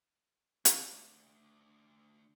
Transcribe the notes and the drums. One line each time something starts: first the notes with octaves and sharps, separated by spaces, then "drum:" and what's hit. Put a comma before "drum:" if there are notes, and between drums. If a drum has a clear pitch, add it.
D2 D5, drum: hi-hat